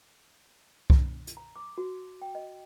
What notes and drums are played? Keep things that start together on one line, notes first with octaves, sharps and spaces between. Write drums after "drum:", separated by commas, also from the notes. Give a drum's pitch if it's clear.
drum: kick C2
drum: hi-hat
A#5
D6
F#4
G5
D#5